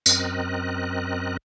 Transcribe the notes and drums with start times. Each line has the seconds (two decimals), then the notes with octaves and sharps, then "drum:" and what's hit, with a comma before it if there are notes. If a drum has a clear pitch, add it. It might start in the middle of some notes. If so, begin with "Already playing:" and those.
0.06 F#2 C4 A#4 D#5 F#6, drum: tambourine